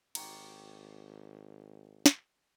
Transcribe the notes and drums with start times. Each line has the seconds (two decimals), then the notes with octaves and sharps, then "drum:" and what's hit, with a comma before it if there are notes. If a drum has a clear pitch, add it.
0.15 G#1 D#4 F#4 G4, drum: cymbal
2.06 drum: snare